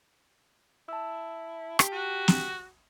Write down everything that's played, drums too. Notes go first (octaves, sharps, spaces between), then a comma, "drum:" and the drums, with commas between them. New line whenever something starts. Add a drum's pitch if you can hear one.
E4 A5 E6
G4, drum: rim click
F#4
drum: snare